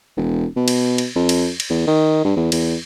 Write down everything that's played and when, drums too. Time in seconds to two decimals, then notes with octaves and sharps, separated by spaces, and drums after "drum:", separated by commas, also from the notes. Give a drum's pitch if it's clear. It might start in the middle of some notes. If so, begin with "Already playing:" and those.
0.16 E1
0.56 B2
0.68 drum: cymbal
0.98 drum: cymbal
1.16 F2
1.29 drum: cymbal
1.60 drum: cymbal
1.70 E2
1.87 D#3
2.25 G2
2.37 E2
2.52 E2, drum: cymbal